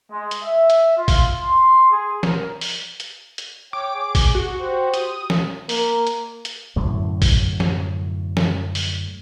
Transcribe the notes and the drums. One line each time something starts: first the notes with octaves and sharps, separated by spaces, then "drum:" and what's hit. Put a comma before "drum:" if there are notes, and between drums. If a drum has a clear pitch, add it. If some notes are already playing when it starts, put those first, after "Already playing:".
G#3
drum: hi-hat
E5
drum: hi-hat
F4
drum: kick, open hi-hat
C6
G#4
A#4, drum: snare
drum: open hi-hat
drum: hi-hat
drum: hi-hat
C#5 G5 D6
G#4
drum: kick, open hi-hat
F#4
G4 C5
D#6, drum: hi-hat
drum: snare
A#3, drum: open hi-hat
drum: hi-hat
drum: hi-hat
F#2 A2 D3 F#3
drum: kick, open hi-hat
drum: snare
drum: snare
drum: open hi-hat